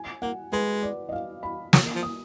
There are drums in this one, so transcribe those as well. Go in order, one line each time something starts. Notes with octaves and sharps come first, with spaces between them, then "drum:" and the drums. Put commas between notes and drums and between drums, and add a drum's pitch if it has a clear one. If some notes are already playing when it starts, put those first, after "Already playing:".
Already playing: G#5
A#3 F#5
G#3 B4
D5
D#5
F5
B5
F#3 D#6, drum: snare
F3
D#6